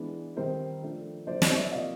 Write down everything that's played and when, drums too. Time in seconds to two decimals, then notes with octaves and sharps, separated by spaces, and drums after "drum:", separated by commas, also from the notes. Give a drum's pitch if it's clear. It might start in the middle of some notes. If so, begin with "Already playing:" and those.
Already playing: E3 G#3 B3 D4
0.36 D#3 G3 C4 D#4 A#4 C5
0.82 F3 A3 D4
1.27 D3 F#3 A#3 C5 D5
1.42 C#5 D#5, drum: snare
1.56 D5 E5
1.71 C3 F3 A#3 D#5 F5